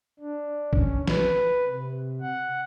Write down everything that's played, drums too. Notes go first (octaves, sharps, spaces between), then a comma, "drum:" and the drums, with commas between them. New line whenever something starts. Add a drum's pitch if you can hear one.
D4
C#4, drum: kick A#1
B4, drum: snare
C3
F#5